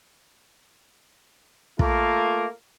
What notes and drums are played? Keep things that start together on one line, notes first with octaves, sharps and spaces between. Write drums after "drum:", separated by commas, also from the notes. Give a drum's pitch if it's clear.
A3 A#3 F4 A#4, drum: kick